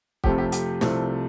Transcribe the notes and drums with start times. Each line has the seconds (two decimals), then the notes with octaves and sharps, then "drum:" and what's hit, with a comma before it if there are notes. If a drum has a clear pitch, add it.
0.24 F2 C3 F3 A3 G4, drum: kick
0.38 G4
0.52 G4, drum: hi-hat
0.81 C2 C3 F3 A3, drum: snare